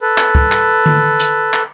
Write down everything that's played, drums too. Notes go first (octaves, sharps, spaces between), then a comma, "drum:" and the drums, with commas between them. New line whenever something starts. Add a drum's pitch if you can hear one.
A4 B4
drum: clap
drum: kick
drum: clap
drum: tom D3
drum: hi-hat
drum: clap